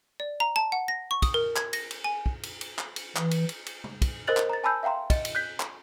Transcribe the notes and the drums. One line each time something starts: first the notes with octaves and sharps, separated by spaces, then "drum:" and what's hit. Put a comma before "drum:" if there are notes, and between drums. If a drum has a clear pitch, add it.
D5
A#5
A5
F#5
A#6
C#6
D#6, drum: kick, cymbal
A#4
G#6, drum: clap
A#6, drum: cymbal
drum: cymbal
G#5
drum: kick
drum: cymbal
drum: cymbal
drum: clap
drum: cymbal
E3, drum: clap
drum: cymbal
drum: cymbal
drum: cymbal
drum: tom
drum: kick, cymbal
A#4 C5 D#5 F#6 A6 F#7
drum: clap
A#5 A6
G#5 A5 B5 E6 G6
E5 F5 G5 A#5 C6
D#5, drum: kick, cymbal
drum: cymbal
F#6 G6 B6
drum: clap